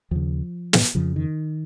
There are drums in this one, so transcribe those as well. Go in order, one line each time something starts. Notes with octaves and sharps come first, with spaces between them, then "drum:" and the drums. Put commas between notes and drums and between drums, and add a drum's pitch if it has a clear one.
D#2 C#3 F3
drum: snare
F2 C#3 F3
D#3